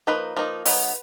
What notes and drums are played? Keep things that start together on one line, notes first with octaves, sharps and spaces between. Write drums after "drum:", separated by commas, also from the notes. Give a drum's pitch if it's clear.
F3 A#3 D#4 B4
F3 A#3 D#4
F#3 B3 D#4 B4, drum: open hi-hat